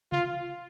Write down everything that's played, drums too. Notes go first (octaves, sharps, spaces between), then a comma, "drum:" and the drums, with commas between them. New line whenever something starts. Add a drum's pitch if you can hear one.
F4, drum: tom C3